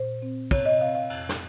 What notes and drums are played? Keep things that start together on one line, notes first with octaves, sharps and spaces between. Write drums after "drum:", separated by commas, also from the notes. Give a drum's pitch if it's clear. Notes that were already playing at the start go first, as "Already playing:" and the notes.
Already playing: A#2 C5
C4
C3 C#5, drum: kick, cymbal
D#5
C4 F5
F5
F2, drum: cymbal
drum: snare